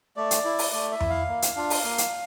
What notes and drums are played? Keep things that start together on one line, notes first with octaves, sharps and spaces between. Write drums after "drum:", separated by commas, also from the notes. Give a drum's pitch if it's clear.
A3 D5
drum: hi-hat
E4
drum: open hi-hat
A3 D5
E5
E4, drum: tom F2
F5
A#3
drum: hi-hat
D4 F4
drum: open hi-hat
A#3
drum: hi-hat